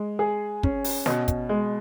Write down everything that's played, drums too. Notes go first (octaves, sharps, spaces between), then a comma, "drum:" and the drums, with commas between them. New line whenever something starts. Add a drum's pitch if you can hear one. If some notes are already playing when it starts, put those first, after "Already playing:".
Already playing: G#3
G#4
C#4, drum: kick
drum: open hi-hat
B2, drum: snare
drum: kick, hi-hat
G#3